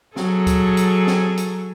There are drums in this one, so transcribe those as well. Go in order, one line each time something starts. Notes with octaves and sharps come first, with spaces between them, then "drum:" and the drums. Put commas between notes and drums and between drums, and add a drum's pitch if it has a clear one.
F#3 G#4 A4, drum: snare
drum: kick C#2, hi-hat
drum: hi-hat
drum: snare
drum: hi-hat